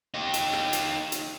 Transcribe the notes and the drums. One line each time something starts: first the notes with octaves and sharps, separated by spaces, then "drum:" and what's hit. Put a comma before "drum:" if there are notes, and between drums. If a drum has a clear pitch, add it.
D#4 G4
drum: hi-hat
drum: rim click
drum: hi-hat
drum: hi-hat